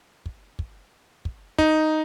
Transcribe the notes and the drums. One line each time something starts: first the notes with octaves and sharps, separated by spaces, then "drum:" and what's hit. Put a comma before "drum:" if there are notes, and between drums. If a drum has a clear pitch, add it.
drum: kick
drum: kick
drum: kick
D#4, drum: kick